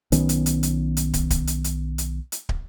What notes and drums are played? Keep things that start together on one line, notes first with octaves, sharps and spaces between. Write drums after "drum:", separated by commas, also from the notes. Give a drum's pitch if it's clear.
B1 D#3 B3 C#4, drum: hi-hat
drum: hi-hat
drum: hi-hat
drum: hi-hat
drum: hi-hat
drum: kick, hi-hat
drum: kick, hi-hat
drum: hi-hat
drum: hi-hat
drum: hi-hat
drum: hi-hat
drum: kick